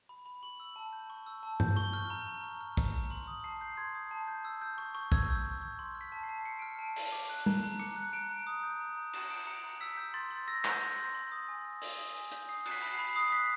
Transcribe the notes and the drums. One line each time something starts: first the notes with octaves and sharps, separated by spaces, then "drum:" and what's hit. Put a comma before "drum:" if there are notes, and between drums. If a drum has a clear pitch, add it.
B5
B5
C#6 F#7
E6
A5
G6
C#6
E6
A5
G6, drum: tom G2
C#6 G7
F6
A#5
A#5
C#6
F6
A#5, drum: kick
A#5
C6 F#7
D#6
A5 C7
G6
C6 G#6
D#6
A5
G6
E6
G6
C#6
C#6
E6 G#6, drum: kick
G6
C#6
C#6
C6
F6
B6
A5
C7
A5
C6 C#7
F6 D7
C#7
A5
A5, drum: open hi-hat
D6
F#6
A#5, drum: tom G3
A#5
D6 C#7
F#6
A#5 D7
A#5
D#6
G6
A#5
A#5
D#6 E7, drum: cymbal
G6 D7
A#5 C#7
A#5
E6 B6
G6
C6 A6
C6
E6 A#6
G6, drum: clap
C6
C6
C6
D#6
G#5
G6
C6, drum: open hi-hat
D#6
G#5
G6, drum: hi-hat
D#6 C7
F#6, drum: cymbal
B6
B5
C7
B5
D#6 C7
F#6 B6